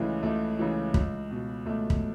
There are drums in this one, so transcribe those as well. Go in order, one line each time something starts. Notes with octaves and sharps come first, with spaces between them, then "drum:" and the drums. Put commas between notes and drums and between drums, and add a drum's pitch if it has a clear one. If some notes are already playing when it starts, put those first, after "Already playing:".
Already playing: C#2 C#3 E3 G#3 A3
C#2 A3
C#3 E3
C#2, drum: kick
B2
C#2 A3
drum: kick